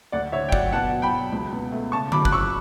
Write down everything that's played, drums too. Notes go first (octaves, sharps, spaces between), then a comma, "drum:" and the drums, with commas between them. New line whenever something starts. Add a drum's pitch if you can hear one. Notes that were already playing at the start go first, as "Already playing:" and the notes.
D2 D5 F#5
D3 C#5 E5
G5
F#3 D5 F#5, drum: kick
B2 F#5 A5
F#3
G5 B5
F#3
C#2
B2
A3
C#3 A5 C#6
F#3 B5 D6, drum: tom D3
F#6, drum: kick
F#3 C#6 E6